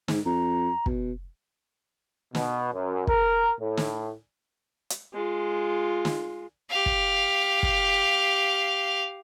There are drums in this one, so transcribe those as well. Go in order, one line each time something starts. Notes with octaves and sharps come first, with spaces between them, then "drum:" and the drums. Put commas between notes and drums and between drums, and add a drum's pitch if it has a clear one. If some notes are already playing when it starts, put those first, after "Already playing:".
G#2, drum: snare
F2 A#5
B2, drum: kick
B2, drum: snare
F#2
A#4, drum: kick
A2
drum: snare
drum: hi-hat
G#3 F4
drum: snare
G4 F5
drum: kick
drum: kick